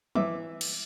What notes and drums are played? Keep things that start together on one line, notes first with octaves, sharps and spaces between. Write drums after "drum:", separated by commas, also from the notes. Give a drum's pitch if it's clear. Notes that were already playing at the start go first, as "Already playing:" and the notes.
E3 E5 D6, drum: tom F3
drum: cymbal